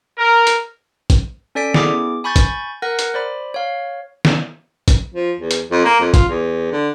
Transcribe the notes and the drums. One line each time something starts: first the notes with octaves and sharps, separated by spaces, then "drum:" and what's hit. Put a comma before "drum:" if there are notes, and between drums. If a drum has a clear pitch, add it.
A#4
drum: hi-hat
drum: kick, hi-hat
C#4 A4 D5 G#5 B6 D7
B3 E4 G#4 D6, drum: snare
G#5 B5 C#6 G6 A6
drum: kick, hi-hat
A#4 F#5 F#6 A#6
drum: hi-hat
C5 D5 B5
C#5 F5
drum: snare
drum: kick, hi-hat
F3
E2
drum: hi-hat
F2
A#3
F2
F4, drum: kick, hi-hat
E2
D3